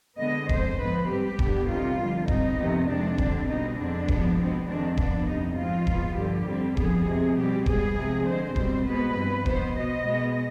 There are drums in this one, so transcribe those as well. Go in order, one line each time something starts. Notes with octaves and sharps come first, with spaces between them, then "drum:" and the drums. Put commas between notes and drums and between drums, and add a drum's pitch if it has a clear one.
D3 G#3 B3 D#5
F2 D3 G#3 C5, drum: kick D#1
G#2 F3 B3 B4
G#2 G3 C4 G4
G2 D3 G3 B3, drum: kick D#1
C3 D#3 G3 F4
F2 D3 G3
G#2 G3 C4 D#4, drum: kick D#1
F2 C3 D#3 B3
F2 C3 F3 G#3 D4
D3 G3 C4, drum: kick D#1
B2 G3 C4 D#4
F2 D3 G#3 C4 D4
G2 F3 G#3 B3, drum: kick D#1
B2 G#3 B3 C4
F2 D#3 G#3 C4 D4
D3 F3 B3 D4, drum: kick D#1
F2 C3 G3 D#4
G#2 F3 G#3 C4 F4
G#2 F3 B3, drum: kick D#1
G2 D3 F3 G4
F2 D3 G3 C4
F2 D3 F3 B3 G#4, drum: kick D#1
C3 F3 G#3 C4
B2 G3 C4 G4
G#2 G3 B3 G#4, drum: kick D#1
C3 F3 G#3 C4
D3 G#3 C4 C5
B2 G3 C4, drum: kick D#1
B2 G#3 B3 B4
G2 F3 C4
B2 B3 C5, drum: kick D#1
B2 B3 D#5
B2 G#3 B3